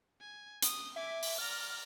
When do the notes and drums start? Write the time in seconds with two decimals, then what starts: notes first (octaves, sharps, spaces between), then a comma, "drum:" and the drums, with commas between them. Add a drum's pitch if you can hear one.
0.21 G#5
0.62 D#6, drum: hi-hat
0.96 E5 G#5 D6
1.23 drum: open hi-hat
1.38 D5 A#5 F6